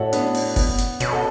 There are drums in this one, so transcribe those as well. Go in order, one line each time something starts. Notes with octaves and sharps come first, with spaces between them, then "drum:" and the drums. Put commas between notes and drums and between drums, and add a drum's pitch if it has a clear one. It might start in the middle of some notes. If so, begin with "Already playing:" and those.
Already playing: A2 F#4 A4 C#5 D5 E5 F#5
B3 D4, drum: hi-hat
drum: open hi-hat
B3, drum: kick F1, open hi-hat
drum: hi-hat
B2 C#4, drum: hi-hat
A4